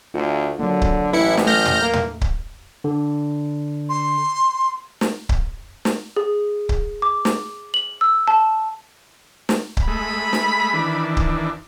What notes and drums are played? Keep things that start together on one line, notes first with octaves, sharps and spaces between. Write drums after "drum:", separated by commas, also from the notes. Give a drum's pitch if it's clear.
D2 F4
D3 F#3 A#3
drum: kick C#1
A1 E4 B4 C#7
drum: snare
A3 F6 G6 A#6
drum: tom
A#3
drum: tom
drum: kick C#1
D3
C6
drum: snare
drum: kick C#1
drum: snare
G#4
drum: kick C#1
D6
drum: snare
F#7
E6
A5
drum: snare
drum: kick C#1
G#3 A3 B5
drum: snare
D#3 E3 D4
drum: kick C#1